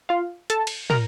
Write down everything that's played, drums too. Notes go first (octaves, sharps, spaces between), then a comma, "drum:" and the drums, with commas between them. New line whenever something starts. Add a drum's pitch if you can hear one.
F4 F5
A4 A5, drum: hi-hat
drum: cymbal
A#4 A#5, drum: tom